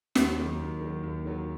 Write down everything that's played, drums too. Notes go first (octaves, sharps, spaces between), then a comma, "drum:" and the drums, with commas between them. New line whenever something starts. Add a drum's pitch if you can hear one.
D#2, drum: snare
D#3 F#3
D#2
D#3 F#3
D#2
D#3 F#3